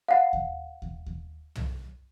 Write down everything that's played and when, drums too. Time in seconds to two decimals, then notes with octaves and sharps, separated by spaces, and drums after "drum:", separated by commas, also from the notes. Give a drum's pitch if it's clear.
0.08 F5 F#5
0.33 drum: kick D#2
0.82 drum: kick D#2
1.06 drum: kick D#2
1.55 drum: tom